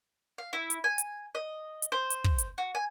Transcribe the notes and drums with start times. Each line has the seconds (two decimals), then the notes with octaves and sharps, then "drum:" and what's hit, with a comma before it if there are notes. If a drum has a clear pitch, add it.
0.38 F5
0.53 E4
0.70 drum: hi-hat
0.84 G#5
0.98 drum: hi-hat
1.35 D#5
1.82 drum: hi-hat
1.92 C5
2.10 drum: hi-hat
2.24 drum: kick
2.38 drum: hi-hat
2.58 F#4
2.75 G#5